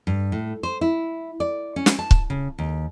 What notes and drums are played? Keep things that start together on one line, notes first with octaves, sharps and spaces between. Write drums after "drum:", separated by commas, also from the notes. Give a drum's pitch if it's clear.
G2
A2
C5
E4
D5
C#4
drum: snare
A5
drum: kick C#1
C#3
D#2